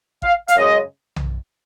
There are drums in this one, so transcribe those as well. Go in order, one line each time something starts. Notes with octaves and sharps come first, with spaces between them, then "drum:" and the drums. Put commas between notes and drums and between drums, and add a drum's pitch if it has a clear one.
F5, drum: kick
F5, drum: hi-hat
F#2 C#3 G#3 D#5
drum: tom B1